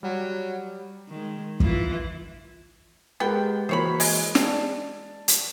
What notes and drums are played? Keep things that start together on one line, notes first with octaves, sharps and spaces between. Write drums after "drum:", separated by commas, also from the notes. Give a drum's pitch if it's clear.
F#3 G3
D#3 G#3
E3 E4 F4, drum: kick
G#3 B3 G4 A#4 G5
E3 A#3 F#4 C5 C#5 B5
G#3, drum: open hi-hat
D5 A5, drum: snare
drum: hi-hat